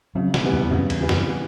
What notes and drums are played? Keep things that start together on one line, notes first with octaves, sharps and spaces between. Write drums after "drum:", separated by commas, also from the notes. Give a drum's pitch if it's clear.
C#3 F#3
B2, drum: snare
E3 G3 B3
E2
F#2 C#3
E2, drum: cymbal
E3 G3 B3
F#2, drum: snare
E3